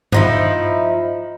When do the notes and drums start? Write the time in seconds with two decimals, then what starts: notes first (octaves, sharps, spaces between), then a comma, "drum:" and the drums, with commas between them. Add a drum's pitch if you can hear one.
0.12 F3 D#4 E4, drum: tom G2